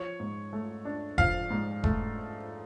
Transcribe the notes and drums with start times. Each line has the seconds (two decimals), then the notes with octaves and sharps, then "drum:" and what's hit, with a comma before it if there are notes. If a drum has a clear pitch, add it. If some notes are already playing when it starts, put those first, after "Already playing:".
Already playing: F3 C#5
0.20 G#2
0.53 A3
0.85 D4
1.18 F3 F5, drum: kick F1
1.50 G#2
1.84 A3, drum: kick F1